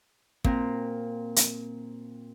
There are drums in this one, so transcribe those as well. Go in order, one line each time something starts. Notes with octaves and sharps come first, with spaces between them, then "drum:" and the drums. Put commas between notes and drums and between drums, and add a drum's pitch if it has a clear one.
A#2 C4 A#4, drum: kick
drum: hi-hat